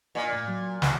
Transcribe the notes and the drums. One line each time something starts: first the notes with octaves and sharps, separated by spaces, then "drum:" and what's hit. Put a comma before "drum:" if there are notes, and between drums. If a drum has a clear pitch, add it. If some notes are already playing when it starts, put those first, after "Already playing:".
A#2 D5 D#5
A2
F#3
C#2 A5, drum: snare